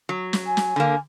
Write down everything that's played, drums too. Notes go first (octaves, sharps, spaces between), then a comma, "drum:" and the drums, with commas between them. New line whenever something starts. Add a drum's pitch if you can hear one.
F#3
drum: snare
G#5
drum: snare
D3 A#3